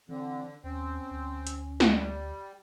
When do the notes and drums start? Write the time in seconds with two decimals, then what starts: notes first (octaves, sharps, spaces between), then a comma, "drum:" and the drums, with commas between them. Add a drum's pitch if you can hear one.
0.09 D3 E3 C4
0.64 D#2 C4 C#4
1.11 D2
1.47 drum: hi-hat
1.80 drum: snare
1.93 G3